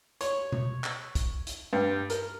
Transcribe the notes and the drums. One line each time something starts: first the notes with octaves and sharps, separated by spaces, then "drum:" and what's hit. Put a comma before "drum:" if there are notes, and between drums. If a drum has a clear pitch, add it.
C#5, drum: hi-hat
drum: tom B2
drum: clap
drum: kick, hi-hat
drum: hi-hat
G2
A#4, drum: hi-hat